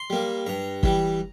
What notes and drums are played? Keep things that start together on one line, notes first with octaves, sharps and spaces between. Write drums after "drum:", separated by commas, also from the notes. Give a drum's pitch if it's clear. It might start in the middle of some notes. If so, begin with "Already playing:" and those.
Already playing: C6
G3 A#3
G2 A#5
E3 G3, drum: kick